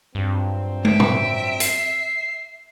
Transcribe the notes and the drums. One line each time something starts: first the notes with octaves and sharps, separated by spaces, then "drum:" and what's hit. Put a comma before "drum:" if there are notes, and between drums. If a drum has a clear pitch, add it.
G2 F3 F#3 C4
E5 D7, drum: tom
drum: tom
C7, drum: hi-hat